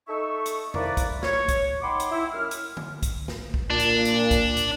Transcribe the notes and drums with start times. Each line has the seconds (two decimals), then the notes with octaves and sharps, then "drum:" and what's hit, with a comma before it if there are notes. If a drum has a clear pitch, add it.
0.08 D#4 A4 E5 C#6
0.46 drum: hi-hat
0.74 A#3 C4 E4 A#4 B4 D5, drum: tom E2
0.97 drum: kick, hi-hat
1.23 C#5, drum: snare
1.48 drum: kick, hi-hat
1.82 D#4 F#5 G5 B5 C6 D6
2.00 drum: hi-hat
2.11 E4
2.33 F#2 F6
2.51 drum: hi-hat
2.77 drum: tom D3
3.03 drum: kick, hi-hat
3.28 drum: snare
3.54 drum: kick
3.70 A#2 D4
3.80 drum: hi-hat
4.05 drum: hi-hat
4.31 drum: kick, hi-hat
4.57 drum: hi-hat